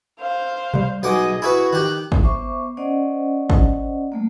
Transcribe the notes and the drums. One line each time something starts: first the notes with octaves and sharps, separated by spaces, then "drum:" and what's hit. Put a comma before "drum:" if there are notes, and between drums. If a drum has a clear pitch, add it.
C5 F5
C3 G3
B1 G#4 D#5 F#5 D6
E4 F#4 G#4 B4
D#3 G4 F#6
drum: kick
B3 C5 E5 C#6 D6
C#4 C5 D5 D#5 F#5
drum: kick
G3 A3 A#3